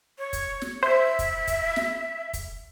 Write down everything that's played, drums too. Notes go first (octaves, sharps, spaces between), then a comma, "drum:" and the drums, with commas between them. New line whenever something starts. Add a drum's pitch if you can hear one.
C#5
drum: kick, hi-hat
drum: snare
C5 E5
drum: kick, hi-hat
drum: kick, hi-hat
drum: snare
drum: kick, hi-hat